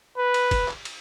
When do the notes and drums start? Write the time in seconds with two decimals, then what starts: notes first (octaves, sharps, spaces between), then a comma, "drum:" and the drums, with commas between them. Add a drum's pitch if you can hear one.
0.17 B4
0.34 drum: cymbal
0.51 drum: kick, cymbal
0.68 drum: clap
0.85 drum: cymbal